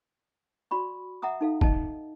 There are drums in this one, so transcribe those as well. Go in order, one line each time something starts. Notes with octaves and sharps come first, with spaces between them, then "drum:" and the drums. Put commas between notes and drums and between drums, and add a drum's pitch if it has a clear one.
F#4 D5 B5 C#6
E5 F#5 A#5 D6 D#6
D#4 A4 F5
D#5 A5, drum: kick